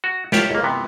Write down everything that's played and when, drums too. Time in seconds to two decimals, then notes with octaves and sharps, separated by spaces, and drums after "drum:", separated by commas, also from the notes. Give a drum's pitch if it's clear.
0.04 F#4
0.32 F4 G4 C#5 D5 E5 F5, drum: snare
0.51 C#2 A#3
0.64 C3 B3